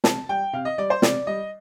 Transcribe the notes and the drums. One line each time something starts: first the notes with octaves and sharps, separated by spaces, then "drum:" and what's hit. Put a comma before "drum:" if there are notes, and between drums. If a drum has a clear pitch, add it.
C3 A5, drum: snare
G3 G5
C3 F5
D#5
G3 D5
C5
C3 D5, drum: snare
G3 D#5